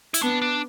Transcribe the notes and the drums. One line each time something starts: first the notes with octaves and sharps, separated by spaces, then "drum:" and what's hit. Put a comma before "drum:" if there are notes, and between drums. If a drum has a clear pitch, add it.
E4, drum: hi-hat
B3 D4
D4